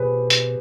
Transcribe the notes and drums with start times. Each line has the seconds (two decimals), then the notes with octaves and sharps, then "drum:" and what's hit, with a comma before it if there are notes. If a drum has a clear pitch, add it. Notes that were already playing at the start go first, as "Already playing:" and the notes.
Already playing: B2 G4 G#4 B4 C5
0.30 drum: hi-hat